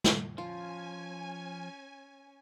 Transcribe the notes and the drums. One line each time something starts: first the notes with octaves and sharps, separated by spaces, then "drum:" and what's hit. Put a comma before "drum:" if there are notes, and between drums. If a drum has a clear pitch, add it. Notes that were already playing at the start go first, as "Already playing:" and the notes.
drum: snare
F3 C#4 F4 G#5